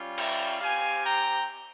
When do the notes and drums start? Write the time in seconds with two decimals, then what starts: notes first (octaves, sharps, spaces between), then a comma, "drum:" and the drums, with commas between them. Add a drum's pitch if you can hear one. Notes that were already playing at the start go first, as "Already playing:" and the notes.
Already playing: G3 C#4 F4
0.18 E5 G5, drum: cymbal
0.61 C4 G4 F5 G#5
1.04 G5 A#5